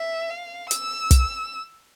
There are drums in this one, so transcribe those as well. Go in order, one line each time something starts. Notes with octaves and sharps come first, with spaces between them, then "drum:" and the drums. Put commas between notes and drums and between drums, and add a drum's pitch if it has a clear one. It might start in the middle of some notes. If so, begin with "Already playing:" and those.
Already playing: E5
F5
E6, drum: hi-hat
drum: kick, hi-hat